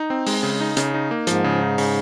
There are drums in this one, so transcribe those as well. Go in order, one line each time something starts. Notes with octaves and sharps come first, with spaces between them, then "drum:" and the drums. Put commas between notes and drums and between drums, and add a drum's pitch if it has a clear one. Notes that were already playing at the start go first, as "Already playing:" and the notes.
Already playing: D#4
C4
G#3, drum: open hi-hat
C#3
D#4
C#3, drum: hi-hat
D#4
A#3
G#2 F3, drum: hi-hat
C#3
D#4
C#3, drum: open hi-hat